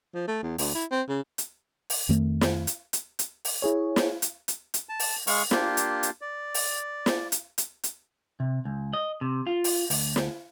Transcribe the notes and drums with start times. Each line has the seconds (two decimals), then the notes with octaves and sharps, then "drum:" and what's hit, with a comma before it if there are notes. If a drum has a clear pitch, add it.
0.14 F3
0.27 A3
0.43 E2
0.58 D2, drum: open hi-hat
0.75 E4
0.91 C4
1.09 C#3
1.38 drum: hi-hat
1.90 drum: open hi-hat
2.09 F2 D#3 A3
2.41 drum: snare
2.67 drum: hi-hat
2.93 drum: hi-hat
3.19 drum: hi-hat
3.45 drum: open hi-hat
3.62 E4 G#4 C#5
3.96 drum: snare
4.22 drum: hi-hat
4.48 drum: hi-hat
4.74 drum: hi-hat
4.89 A5
5.00 drum: open hi-hat
5.27 G#3 F5 C#6, drum: open hi-hat
5.51 A#3 D4 F4 G4, drum: snare
5.77 drum: hi-hat
6.03 drum: hi-hat
6.21 D5
6.54 drum: open hi-hat
7.06 drum: snare
7.32 drum: hi-hat
7.58 drum: hi-hat
7.84 drum: hi-hat
8.40 C3
8.65 C#2
8.93 D#5
9.21 C3
9.47 F4
9.64 drum: open hi-hat
9.90 D2, drum: open hi-hat
10.16 drum: snare